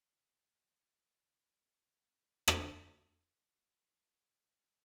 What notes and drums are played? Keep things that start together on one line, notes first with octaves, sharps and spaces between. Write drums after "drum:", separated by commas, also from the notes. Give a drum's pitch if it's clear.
D5 F#5 G#5 A5 C#6 D6
B1 B2
E5
C#5 D#5 F#5 B5 A#6
E3 A#3 F4 C#5 F#5
B5 C#6 E6 F#6
drum: rim click
C3 A#3 D6 F#6
E3 A#3 D#4 F4 G#5 A5
G#3
D3